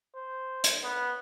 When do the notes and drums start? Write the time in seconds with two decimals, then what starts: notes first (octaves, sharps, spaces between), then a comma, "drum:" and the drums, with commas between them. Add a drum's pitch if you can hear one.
0.15 C5
0.64 drum: hi-hat
0.84 B3